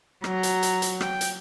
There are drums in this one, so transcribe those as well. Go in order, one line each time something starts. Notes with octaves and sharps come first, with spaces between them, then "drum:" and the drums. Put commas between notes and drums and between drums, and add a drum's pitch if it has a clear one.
F#3 A#5, drum: rim click
drum: hi-hat
drum: hi-hat
drum: hi-hat
G5, drum: rim click
drum: hi-hat